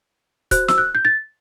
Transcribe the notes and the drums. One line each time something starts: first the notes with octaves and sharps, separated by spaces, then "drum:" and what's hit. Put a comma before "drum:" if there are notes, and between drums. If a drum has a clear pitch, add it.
F#4 C5 F#6, drum: kick C#1, hi-hat
E6, drum: snare
F#6
G6
A6